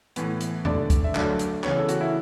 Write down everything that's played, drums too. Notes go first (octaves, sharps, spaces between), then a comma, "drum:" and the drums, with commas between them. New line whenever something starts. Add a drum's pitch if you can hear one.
A2 E3 B3, drum: hi-hat
drum: hi-hat
D3 A3 D5, drum: tom E2
drum: kick, hi-hat
E5
D3 F#3 A3 D5, drum: clap
drum: hi-hat
C#3 E3 B3 C#5, drum: clap
A4
F#4, drum: hi-hat
E4